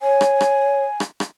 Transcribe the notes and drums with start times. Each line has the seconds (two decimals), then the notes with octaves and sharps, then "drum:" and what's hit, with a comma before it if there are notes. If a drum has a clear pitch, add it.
0.01 C#5 G#5
0.21 drum: rim click
0.41 drum: rim click
1.00 drum: rim click
1.20 drum: rim click